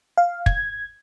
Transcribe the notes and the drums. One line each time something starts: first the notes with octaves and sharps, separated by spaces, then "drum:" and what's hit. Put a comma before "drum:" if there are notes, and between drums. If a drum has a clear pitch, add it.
F5
G#6, drum: kick